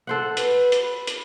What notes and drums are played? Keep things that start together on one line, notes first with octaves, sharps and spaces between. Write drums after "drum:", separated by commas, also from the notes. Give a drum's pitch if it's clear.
A4 C5 F#5
B4, drum: hi-hat
drum: hi-hat
B5
drum: hi-hat